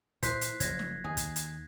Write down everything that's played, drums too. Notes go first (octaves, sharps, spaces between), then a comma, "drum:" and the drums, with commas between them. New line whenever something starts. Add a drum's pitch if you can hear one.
A#2 E3 C5 F#6 B6 C7, drum: kick, hi-hat
drum: hi-hat
F#1 F3 G#6 A#6, drum: kick, hi-hat
drum: snare
D#2 G#4
drum: kick, hi-hat
drum: hi-hat